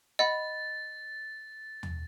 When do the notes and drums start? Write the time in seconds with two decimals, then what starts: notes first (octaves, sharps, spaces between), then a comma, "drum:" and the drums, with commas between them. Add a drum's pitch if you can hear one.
0.19 D#5 F#5 B5 A6
1.83 drum: tom